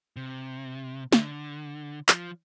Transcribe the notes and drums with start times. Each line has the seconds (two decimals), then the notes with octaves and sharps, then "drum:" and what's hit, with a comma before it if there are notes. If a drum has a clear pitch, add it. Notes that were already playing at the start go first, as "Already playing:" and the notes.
0.16 C3
1.12 D3, drum: snare
2.08 F3, drum: clap